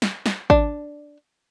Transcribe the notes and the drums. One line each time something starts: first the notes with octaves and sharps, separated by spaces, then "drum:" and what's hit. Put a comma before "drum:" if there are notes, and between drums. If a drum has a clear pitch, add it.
drum: snare
drum: snare
D4, drum: kick